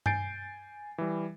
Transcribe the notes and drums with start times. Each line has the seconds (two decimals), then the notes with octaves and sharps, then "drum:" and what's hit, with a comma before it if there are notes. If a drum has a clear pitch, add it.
0.06 G#5 G6 A6 C7 D7, drum: tom G2
0.98 E3 G3